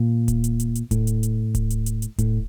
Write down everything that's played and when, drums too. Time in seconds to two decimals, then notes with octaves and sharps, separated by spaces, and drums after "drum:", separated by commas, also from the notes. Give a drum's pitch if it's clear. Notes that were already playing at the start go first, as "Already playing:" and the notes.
Already playing: A#2
0.28 drum: kick D1, hi-hat
0.44 drum: hi-hat
0.60 drum: hi-hat
0.75 drum: hi-hat
0.91 A2, drum: kick D1, hi-hat
1.07 drum: hi-hat
1.23 drum: hi-hat
1.55 drum: kick D1, hi-hat
1.70 drum: hi-hat
1.86 drum: hi-hat
2.02 drum: hi-hat
2.18 A2, drum: kick D1, hi-hat